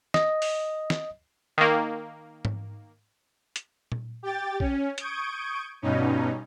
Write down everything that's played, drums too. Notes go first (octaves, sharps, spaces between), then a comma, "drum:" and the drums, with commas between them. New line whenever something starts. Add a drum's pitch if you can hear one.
D#5, drum: snare
drum: open hi-hat
drum: snare
D#3 A#3
drum: tom G#2
drum: hi-hat
drum: tom A#2
G4 G5 A6
C#4, drum: kick
C#6 D#6 G6 G#6 D7, drum: hi-hat
G2 B2 C#4 D#4